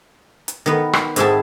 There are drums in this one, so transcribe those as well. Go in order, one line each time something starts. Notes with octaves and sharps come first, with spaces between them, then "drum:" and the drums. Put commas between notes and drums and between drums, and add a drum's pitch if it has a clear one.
drum: hi-hat
D#3 B3
drum: rim click
G#2 B3 C4 G#4 E5 A5, drum: hi-hat